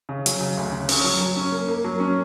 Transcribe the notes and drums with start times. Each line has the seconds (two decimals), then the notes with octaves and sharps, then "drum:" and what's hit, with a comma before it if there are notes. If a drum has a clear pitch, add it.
0.09 C#3
0.26 F#3, drum: hi-hat
0.41 C#3
0.57 D2
0.72 C#3
0.89 C#4, drum: open hi-hat
1.04 F#3
1.21 F#3
1.36 C#4
1.52 A#3
1.68 A#3
1.84 F#3
2.00 C#4